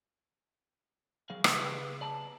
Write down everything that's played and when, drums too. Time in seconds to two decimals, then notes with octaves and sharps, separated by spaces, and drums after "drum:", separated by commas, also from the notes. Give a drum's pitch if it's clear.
1.30 F#3 G#4 F5
1.44 C#3 B3 G4 B4, drum: rim click
2.01 D5 A5 A#5